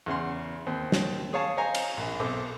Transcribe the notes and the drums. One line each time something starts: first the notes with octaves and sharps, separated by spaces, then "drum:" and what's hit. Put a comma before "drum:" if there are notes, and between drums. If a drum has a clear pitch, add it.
E2 C#3 F#5 C6
D#2 C4
drum: snare
G#4 C#5 F5 A5
C5 C#5 D#5 F5 G#5 A#5
drum: cymbal
A#1
B1 C4 A4 D6